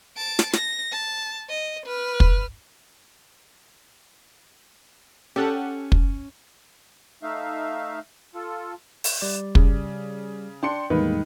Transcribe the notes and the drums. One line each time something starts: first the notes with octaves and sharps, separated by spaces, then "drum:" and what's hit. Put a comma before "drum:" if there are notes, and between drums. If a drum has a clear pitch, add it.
A5 D7
drum: snare
A#6, drum: snare
A5
D#5
B4 F6
drum: kick
C#4 G4 A4 F#5
drum: kick
A3 D#4 E5 F5
F4 A4
drum: open hi-hat
G3 D5
C#3, drum: kick
D4 G5 C6 C#7
E2 A2 D#3 G3 G#3 A#3 B4